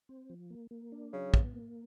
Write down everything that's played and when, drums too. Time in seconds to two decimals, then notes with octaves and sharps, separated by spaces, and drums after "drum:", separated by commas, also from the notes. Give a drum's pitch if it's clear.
0.09 C4
0.30 F3
0.50 A#3
0.71 A#3
0.92 D4
1.13 C#3 F#3
1.34 B3, drum: kick
1.54 A#3